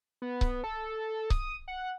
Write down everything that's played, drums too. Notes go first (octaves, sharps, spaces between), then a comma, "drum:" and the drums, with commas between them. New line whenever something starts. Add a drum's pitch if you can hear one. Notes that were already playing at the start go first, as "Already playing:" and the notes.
B3
drum: kick C#1
A4
D#6, drum: kick C#1
F#5